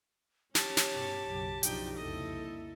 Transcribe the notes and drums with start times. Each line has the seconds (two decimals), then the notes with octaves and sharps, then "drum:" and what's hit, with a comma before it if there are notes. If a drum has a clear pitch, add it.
0.55 C#4 G4 C#5 A5, drum: snare
0.77 drum: snare
0.92 G2 B2
1.23 F#1 B1 F#2
1.63 B1 F#2 F3 D4 D#4 F4 G5, drum: hi-hat
1.97 C2 F2 C#3 A#3 E4 A4 D#5